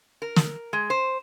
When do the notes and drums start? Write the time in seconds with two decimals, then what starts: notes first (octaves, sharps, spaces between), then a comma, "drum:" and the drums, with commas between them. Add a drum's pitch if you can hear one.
0.22 A#4
0.36 drum: snare
0.73 G#3
0.90 C5